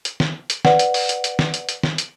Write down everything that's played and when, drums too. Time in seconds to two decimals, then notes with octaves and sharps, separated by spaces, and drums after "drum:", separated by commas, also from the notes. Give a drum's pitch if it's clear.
0.05 drum: hi-hat
0.20 drum: snare
0.50 drum: hi-hat
0.65 B4 D5 F#5, drum: snare
0.79 drum: hi-hat
0.94 drum: open hi-hat
1.09 drum: hi-hat
1.24 drum: hi-hat
1.39 drum: snare
1.54 drum: hi-hat
1.69 drum: hi-hat
1.83 drum: snare
1.98 drum: hi-hat